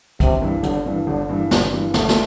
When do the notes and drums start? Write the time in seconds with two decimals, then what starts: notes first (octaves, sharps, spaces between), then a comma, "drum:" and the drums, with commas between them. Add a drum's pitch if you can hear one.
0.20 G1 C3, drum: kick, hi-hat
0.42 G2 E3
0.63 G1 D3, drum: hi-hat
0.86 G2 E3
1.07 G1 D3
1.29 G2 E3
1.51 G1 G3, drum: snare
1.73 G2 E3
1.94 G1 A3, drum: snare
2.09 drum: snare